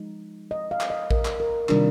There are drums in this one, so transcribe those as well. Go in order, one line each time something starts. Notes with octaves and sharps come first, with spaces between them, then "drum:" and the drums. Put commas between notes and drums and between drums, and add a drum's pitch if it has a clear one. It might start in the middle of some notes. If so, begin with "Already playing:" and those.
Already playing: F3 G#3 D#4
D#5
F5
drum: clap
D#5
A#4, drum: kick A1
drum: clap
A#4
C3 D#3 G3 D4 F4 A#4, drum: clap